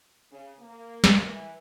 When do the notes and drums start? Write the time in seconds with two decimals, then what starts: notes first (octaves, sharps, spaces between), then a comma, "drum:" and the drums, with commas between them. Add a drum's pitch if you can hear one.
0.30 C#3
0.59 A#3
1.04 drum: snare
1.20 E3